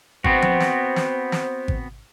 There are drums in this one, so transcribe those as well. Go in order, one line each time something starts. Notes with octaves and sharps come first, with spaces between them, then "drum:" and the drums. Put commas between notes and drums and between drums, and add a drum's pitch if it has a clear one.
B3 C4 F#4 C5, drum: kick G#1
drum: tom F3
drum: snare
drum: snare
drum: snare
drum: kick G#1